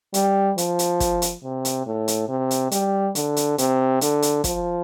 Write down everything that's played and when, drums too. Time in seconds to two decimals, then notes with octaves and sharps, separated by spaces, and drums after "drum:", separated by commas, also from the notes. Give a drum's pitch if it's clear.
0.14 G3, drum: hi-hat
0.58 F3, drum: hi-hat
0.79 drum: hi-hat
1.00 drum: kick, hi-hat
1.22 drum: hi-hat
1.44 C3
1.65 drum: hi-hat
1.86 A2
2.08 drum: hi-hat
2.29 C3
2.51 drum: hi-hat
2.71 G3, drum: hi-hat
3.15 D3, drum: hi-hat
3.37 drum: hi-hat
3.58 C3, drum: hi-hat
4.01 D3, drum: hi-hat
4.22 drum: hi-hat
4.44 F3, drum: kick, hi-hat